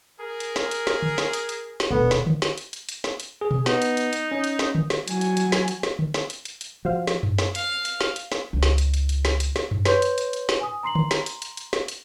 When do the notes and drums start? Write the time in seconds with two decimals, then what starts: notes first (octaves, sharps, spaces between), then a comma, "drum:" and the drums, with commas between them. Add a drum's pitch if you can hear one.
0.19 G#4 A#4
0.40 drum: hi-hat
0.56 drum: snare
0.71 drum: hi-hat
0.87 drum: snare
1.02 drum: tom
1.18 drum: snare
1.33 drum: hi-hat
1.49 drum: hi-hat
1.80 drum: snare
1.91 D#1 B1 D3 B3
2.11 drum: snare
2.27 drum: tom
2.42 drum: snare
2.58 drum: hi-hat
2.73 drum: hi-hat
2.89 drum: hi-hat
3.04 drum: snare
3.20 drum: hi-hat
3.41 G#4
3.51 drum: tom B2
3.66 B3 D#4, drum: snare
3.82 drum: hi-hat
3.97 drum: hi-hat
4.13 drum: hi-hat
4.32 C#4
4.44 drum: hi-hat
4.59 drum: snare
4.75 drum: tom
4.90 drum: snare
5.08 F#3 G#5, drum: hi-hat
5.21 drum: hi-hat
5.37 drum: hi-hat
5.52 drum: snare
5.68 drum: hi-hat
5.83 drum: snare
5.99 drum: tom
6.14 drum: snare
6.30 drum: hi-hat
6.45 drum: hi-hat
6.61 drum: hi-hat
6.85 F3 F#4 C5 F5
7.07 drum: snare
7.23 drum: tom F#2
7.38 drum: snare
7.55 F5, drum: hi-hat
7.85 drum: hi-hat
8.01 drum: snare
8.16 drum: hi-hat
8.32 drum: snare
8.53 C#2
8.63 drum: snare
8.78 drum: hi-hat
8.94 drum: hi-hat
9.09 drum: hi-hat
9.25 drum: snare
9.40 drum: hi-hat
9.56 drum: snare
9.71 drum: tom F#2
9.85 B4 C#5 C6 C#6 G6, drum: snare
10.02 drum: hi-hat
10.18 drum: hi-hat
10.33 drum: hi-hat
10.49 drum: snare
10.61 G#5 D#6
10.83 A#5 C6 C7 F#7
10.95 drum: tom
11.11 drum: snare
11.26 drum: hi-hat
11.42 drum: hi-hat
11.57 drum: hi-hat
11.73 drum: snare
11.88 drum: hi-hat